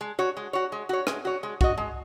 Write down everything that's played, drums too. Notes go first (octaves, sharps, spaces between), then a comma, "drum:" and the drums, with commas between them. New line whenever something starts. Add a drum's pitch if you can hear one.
G#3
F#4 C#5
G#3
F#4 C#5
G#3
F#4 C#5
G#3, drum: rim click
F#4 C#5
G#3
F#4 D#5, drum: kick C2
G#3